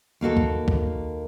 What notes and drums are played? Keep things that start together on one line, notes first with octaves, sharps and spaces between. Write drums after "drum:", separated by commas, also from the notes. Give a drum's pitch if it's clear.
D#2 A#3 F#4 A4
drum: kick C2
drum: kick C2